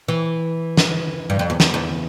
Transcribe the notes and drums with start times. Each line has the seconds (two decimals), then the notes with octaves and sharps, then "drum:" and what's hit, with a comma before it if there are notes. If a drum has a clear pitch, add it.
0.08 E3
0.77 drum: snare
1.30 G2
1.39 F2
1.50 E2
1.60 E2, drum: snare
1.74 E2